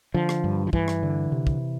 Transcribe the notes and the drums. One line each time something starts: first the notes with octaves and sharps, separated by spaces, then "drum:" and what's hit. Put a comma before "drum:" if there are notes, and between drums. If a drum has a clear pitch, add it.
D3 F3
drum: rim click
G2
F3
G2 E3, drum: kick
drum: rim click
D3
C3
drum: kick